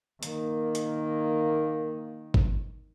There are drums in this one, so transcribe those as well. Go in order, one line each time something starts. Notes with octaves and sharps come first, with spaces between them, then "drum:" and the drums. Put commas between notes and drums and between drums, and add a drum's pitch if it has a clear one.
D#3 A#3, drum: hi-hat
drum: hi-hat
drum: kick